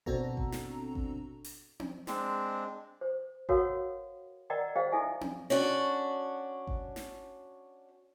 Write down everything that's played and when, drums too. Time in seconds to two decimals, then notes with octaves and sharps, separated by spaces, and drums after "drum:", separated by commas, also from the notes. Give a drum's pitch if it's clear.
0.06 B2 C4 D4 F#4 A4 A#5, drum: kick G#1
0.37 drum: kick G#1
0.52 drum: snare
0.95 drum: kick G#1
1.44 drum: open hi-hat
1.80 drum: tom C4
2.07 G#3 C4 D4, drum: snare
3.01 C5
3.49 F#4 A4 A#4 C#5 F5 F#5, drum: kick G#1
4.50 A#4 D5 D#5 F#5 G5 A#5
4.76 G#4 C5 D#5 F5 G5
4.92 D#4 E4 A4 E5 G#5
5.21 drum: tom C4
5.50 C#4 D4 F#4
6.67 drum: kick G#1
6.96 drum: snare